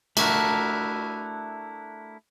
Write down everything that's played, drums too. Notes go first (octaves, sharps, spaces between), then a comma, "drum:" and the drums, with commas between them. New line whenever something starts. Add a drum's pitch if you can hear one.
A3 D4 E4 F#4 A#4, drum: cymbal